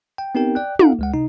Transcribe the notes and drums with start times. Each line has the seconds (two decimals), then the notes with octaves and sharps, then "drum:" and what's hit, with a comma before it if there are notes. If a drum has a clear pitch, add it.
0.18 G5
0.35 B3 C4 D#4 G4 A#4 G5
0.55 D5 G5 F#6
0.79 D#4 F4 A4 F5 F#5, drum: tom
0.99 C#2 G#3 F#5
1.14 C3 D#4